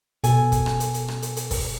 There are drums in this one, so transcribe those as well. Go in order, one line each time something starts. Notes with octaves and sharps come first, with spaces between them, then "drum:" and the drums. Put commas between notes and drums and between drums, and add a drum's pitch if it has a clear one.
B2 A4 G#5, drum: hi-hat
drum: kick, hi-hat
drum: rim click
drum: hi-hat
drum: hi-hat
drum: rim click
drum: hi-hat
drum: hi-hat
drum: kick, open hi-hat